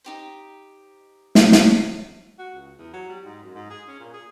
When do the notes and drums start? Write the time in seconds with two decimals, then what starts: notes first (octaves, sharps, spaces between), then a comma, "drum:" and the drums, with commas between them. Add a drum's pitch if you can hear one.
0.04 D#4 G4 C5
1.35 drum: snare
1.52 drum: snare
2.39 F#4
2.54 C#2
2.79 E2
2.93 F#3
3.09 G3
3.25 G#2
3.43 F#2
3.55 G#2
3.70 G#4
3.88 C#4
4.00 A#2
4.14 G#4